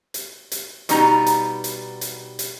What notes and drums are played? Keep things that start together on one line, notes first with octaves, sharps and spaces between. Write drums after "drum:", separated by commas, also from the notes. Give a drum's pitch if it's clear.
drum: hi-hat
drum: hi-hat
B2 G3 B3 D#4 A#5, drum: hi-hat
drum: hi-hat
drum: hi-hat
drum: hi-hat
drum: hi-hat